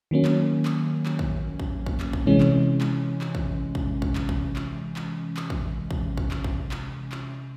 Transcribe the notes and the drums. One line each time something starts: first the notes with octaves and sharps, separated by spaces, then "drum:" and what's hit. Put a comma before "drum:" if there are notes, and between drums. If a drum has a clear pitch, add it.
D#3 F#3 A#3 C#4
drum: clap
drum: clap
drum: clap
drum: kick
drum: kick
drum: kick
drum: clap
drum: kick
C3 E3 G#3 C#4
drum: clap
drum: clap
drum: clap
drum: kick
drum: kick
drum: kick
drum: clap
drum: kick
drum: clap
drum: clap
drum: clap
drum: kick
drum: kick
drum: kick
drum: clap
drum: kick
drum: clap
drum: clap